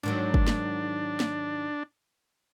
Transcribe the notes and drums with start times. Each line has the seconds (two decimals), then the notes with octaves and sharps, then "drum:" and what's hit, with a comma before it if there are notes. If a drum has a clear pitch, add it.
0.03 G#2 D#3 F#3 D4
0.34 drum: kick
0.47 drum: snare
1.20 drum: snare